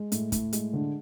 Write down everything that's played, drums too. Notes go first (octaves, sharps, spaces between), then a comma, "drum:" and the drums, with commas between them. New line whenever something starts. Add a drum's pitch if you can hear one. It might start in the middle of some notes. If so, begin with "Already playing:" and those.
Already playing: G#3
A2, drum: hi-hat
A2, drum: kick, hi-hat
G#3, drum: hi-hat
D3